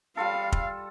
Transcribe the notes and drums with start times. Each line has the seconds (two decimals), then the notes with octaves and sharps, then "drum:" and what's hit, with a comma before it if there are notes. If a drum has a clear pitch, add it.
0.17 G3 F4 A4 F5
0.52 drum: kick